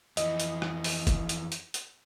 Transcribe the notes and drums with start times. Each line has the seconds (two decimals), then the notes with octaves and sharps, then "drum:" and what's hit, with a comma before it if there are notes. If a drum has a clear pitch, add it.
0.17 F2 E3 D#5, drum: hi-hat
0.40 drum: hi-hat
0.62 drum: rim click
0.84 drum: open hi-hat
1.07 drum: kick F#1, hi-hat
1.29 drum: hi-hat
1.52 drum: hi-hat
1.74 drum: hi-hat